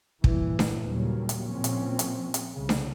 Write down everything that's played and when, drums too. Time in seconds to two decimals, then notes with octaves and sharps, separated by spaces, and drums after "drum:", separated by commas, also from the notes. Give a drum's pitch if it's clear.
0.24 G2 A#2 E3, drum: kick
0.59 drum: snare D4
0.86 D#2 A#2 C#3 F#3 G3 A#3
1.29 drum: hi-hat
1.51 A#2 F3 C4 C#4
1.64 drum: hi-hat
1.99 drum: hi-hat
2.34 drum: hi-hat
2.53 C2 C#3
2.69 drum: snare D4